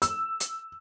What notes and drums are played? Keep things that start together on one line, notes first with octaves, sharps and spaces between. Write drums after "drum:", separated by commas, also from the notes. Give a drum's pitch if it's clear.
E6, drum: hi-hat
drum: hi-hat